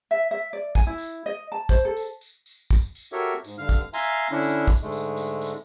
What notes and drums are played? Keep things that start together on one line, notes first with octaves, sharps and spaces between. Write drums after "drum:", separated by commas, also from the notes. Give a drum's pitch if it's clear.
E5
E5
D5
G#5, drum: kick, tambourine
E4
drum: tambourine
D#5
A5
C5, drum: kick, tambourine
A4
drum: tambourine
drum: tambourine
drum: tambourine
drum: kick, tambourine
drum: tambourine
F#4 G4 A4 A#4 C#5 E5
G#2, drum: tambourine
G2 D3 F5 F6
drum: kick, tambourine
E5 F5 G#5 A#5 C6, drum: tambourine
D3 C#4 D4 E4
drum: tambourine
drum: kick, tambourine
G#2 D3 G#3 A3
drum: tambourine
drum: tambourine
drum: tambourine